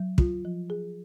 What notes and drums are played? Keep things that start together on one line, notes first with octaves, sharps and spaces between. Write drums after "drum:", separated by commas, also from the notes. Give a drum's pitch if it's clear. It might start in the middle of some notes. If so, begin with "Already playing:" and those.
Already playing: F#3
F4, drum: kick
F3
G#4